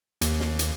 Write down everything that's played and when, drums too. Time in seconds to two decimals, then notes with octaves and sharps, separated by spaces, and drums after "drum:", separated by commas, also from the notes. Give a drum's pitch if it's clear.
0.21 D#2, drum: hi-hat
0.40 drum: snare
0.59 drum: hi-hat